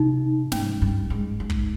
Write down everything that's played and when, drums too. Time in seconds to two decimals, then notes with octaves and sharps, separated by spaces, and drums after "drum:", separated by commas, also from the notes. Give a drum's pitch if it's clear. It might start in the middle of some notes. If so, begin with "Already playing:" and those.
Already playing: C3 D#4
0.52 G#2 C#4, drum: snare
0.82 G2
1.10 G#2
1.40 G#2
1.50 drum: kick